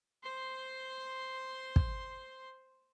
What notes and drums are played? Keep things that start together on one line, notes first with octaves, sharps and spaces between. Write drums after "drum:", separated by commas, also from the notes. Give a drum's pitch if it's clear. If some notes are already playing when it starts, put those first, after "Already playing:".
C5 C6
drum: kick